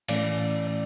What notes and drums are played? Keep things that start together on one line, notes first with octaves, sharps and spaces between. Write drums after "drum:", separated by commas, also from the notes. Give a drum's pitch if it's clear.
A2 E3 A3 C#4 D5, drum: cymbal
D5
D5